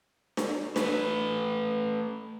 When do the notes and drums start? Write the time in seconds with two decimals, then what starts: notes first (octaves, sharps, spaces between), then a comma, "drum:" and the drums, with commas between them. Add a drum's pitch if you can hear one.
0.37 drum: snare D4
0.76 A3 B4, drum: snare D4